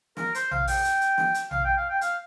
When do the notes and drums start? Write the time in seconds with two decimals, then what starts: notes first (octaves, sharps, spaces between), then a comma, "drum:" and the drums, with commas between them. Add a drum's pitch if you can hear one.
0.17 A#4, drum: snare
0.35 C5, drum: hi-hat
0.51 F5, drum: tom A#1
0.67 G5, drum: open hi-hat
0.84 drum: hi-hat
1.01 drum: hi-hat
1.18 drum: snare
1.34 drum: hi-hat
1.51 F5, drum: tom A#1
1.64 G5
1.77 F5
1.89 G5
2.01 F5, drum: hi-hat